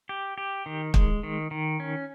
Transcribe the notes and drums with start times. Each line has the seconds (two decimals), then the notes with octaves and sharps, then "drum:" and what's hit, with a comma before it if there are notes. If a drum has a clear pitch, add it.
0.09 G4
0.38 G4
0.66 D#3
0.94 G#3, drum: kick
1.23 D#3
1.51 D#3
1.80 C#4